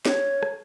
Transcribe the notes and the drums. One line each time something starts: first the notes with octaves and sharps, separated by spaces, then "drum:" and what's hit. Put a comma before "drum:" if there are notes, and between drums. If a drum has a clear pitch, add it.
C#5, drum: snare
drum: rim click